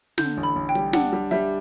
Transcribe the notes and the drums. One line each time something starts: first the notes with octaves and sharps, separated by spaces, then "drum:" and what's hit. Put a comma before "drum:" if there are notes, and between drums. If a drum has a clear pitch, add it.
D3 G6, drum: snare
A1
B5
A1
G5
G3, drum: hi-hat
D4 F#5, drum: snare
G3
G3 E5